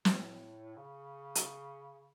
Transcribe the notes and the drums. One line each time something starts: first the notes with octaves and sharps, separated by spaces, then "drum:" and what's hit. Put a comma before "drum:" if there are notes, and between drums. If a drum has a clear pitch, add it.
B2, drum: snare
A2
C#3
drum: hi-hat